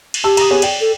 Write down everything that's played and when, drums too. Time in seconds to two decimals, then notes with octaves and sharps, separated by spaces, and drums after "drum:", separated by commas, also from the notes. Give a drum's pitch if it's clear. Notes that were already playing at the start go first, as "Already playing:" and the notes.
0.14 drum: cymbal
0.24 G4 A5 E6
0.37 A#5 D#6, drum: cymbal
0.50 B3 G#4 C#5
0.62 D5 G5, drum: cymbal
0.81 A4